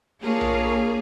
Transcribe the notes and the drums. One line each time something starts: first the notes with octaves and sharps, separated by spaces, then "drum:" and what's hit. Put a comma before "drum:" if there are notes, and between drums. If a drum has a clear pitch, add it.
A#3 D4 F4 G#4 A#4 C#5
drum: tom A#1